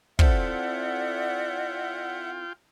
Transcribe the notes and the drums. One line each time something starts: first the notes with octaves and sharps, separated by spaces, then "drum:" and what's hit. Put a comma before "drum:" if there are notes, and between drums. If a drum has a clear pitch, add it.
C4 E4 F4 A4 D5 E5 F#5 G5, drum: kick